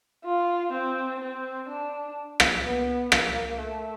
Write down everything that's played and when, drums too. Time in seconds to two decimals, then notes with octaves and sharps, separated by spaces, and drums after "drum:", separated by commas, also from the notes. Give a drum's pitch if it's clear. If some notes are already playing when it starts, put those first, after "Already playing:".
0.24 F4
0.72 C4
1.20 C4
1.68 D4
2.40 drum: rim click
2.63 B3
3.12 A#3, drum: rim click
3.59 A3